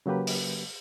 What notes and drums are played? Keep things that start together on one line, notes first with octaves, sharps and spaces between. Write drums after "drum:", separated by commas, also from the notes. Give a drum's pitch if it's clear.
C#3 F#3 A#3 G4 B4
drum: open hi-hat